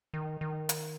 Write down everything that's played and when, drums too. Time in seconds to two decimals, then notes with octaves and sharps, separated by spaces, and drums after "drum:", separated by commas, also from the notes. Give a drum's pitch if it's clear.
0.14 D#3
0.41 D#3
0.69 drum: hi-hat